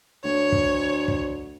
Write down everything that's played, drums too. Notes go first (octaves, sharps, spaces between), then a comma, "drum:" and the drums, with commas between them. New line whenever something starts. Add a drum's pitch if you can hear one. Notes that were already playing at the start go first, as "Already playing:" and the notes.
D2 C#5
drum: kick
drum: kick